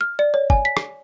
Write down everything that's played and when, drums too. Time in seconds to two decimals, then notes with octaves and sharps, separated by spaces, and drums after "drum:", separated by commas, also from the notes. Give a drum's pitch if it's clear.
0.01 F6
0.19 D5
0.34 C#5
0.50 G#5, drum: kick G1
0.65 B6
0.77 drum: rim click